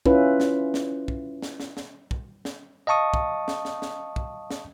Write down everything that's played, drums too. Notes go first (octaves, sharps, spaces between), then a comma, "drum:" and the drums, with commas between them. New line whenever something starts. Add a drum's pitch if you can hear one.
C#4 E4 F4 B4, drum: kick
drum: snare
drum: snare
drum: kick
drum: snare
drum: snare
drum: snare
drum: kick
drum: snare
D#5 F5 A5 C#6 D#6
drum: kick
drum: snare
drum: snare
drum: snare
drum: kick
drum: snare